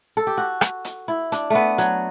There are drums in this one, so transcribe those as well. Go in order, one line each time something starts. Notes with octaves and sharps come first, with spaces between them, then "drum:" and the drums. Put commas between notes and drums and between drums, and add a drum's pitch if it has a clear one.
A4
G4
F#4
drum: rim click
drum: hi-hat
E4
D4, drum: hi-hat
A3 B3
F#3, drum: hi-hat